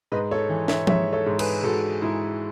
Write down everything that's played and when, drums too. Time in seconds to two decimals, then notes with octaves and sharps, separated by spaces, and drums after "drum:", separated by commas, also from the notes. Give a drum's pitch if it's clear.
0.12 G#2 B4 D#5
0.31 A4 C#5
0.49 E3
0.68 C#5 E5, drum: snare
0.87 G#2 C#5 E5, drum: tom F3
1.13 A4 C#5
1.26 G#2
1.39 G#4 B4, drum: cymbal
1.63 G#2 F#4 A4
2.02 G#2 E4 G#4